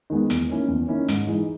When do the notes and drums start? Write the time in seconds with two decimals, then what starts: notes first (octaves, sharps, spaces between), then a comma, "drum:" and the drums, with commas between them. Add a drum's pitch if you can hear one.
0.10 D#3 G#3 B3
0.30 E2, drum: hi-hat
0.49 D#3 A#3 C#4 E4
0.68 E2
0.88 D#3 A#3 C#4 E4
1.08 G#2, drum: hi-hat
1.27 E3 G#3 D#4